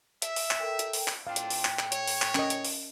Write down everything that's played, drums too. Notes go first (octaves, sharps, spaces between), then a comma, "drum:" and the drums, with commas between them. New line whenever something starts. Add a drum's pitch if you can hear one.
E5, drum: hi-hat
drum: open hi-hat
drum: clap
A4 A#4 G5
drum: hi-hat
drum: open hi-hat
drum: clap
A2 C4 D4 F4 F5 G5
drum: hi-hat
drum: open hi-hat
drum: clap
drum: clap
C#5, drum: hi-hat
drum: open hi-hat
drum: clap
C#4 A#4 D#5, drum: clap
drum: hi-hat
drum: open hi-hat